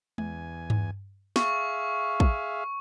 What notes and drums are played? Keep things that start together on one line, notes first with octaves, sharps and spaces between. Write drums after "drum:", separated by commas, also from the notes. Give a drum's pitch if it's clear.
E2 G#5, drum: tom G#3
drum: tom G2
G#4 E5 F5 C#6, drum: snare
drum: kick